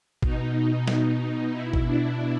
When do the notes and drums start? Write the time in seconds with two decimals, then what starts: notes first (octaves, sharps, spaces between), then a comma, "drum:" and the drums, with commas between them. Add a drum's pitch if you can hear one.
0.22 B2 D#4, drum: kick G#1
0.88 drum: snare
1.51 B2 E4
1.74 drum: kick G#1
1.85 D4